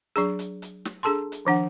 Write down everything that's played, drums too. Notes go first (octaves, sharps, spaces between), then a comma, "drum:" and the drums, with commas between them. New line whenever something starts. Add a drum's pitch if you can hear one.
F#3 D4 G#4, drum: hi-hat
drum: hi-hat
drum: hi-hat
drum: snare
D4 G#4 A4 A5 C6
drum: hi-hat
D#3 F3 D4 F#5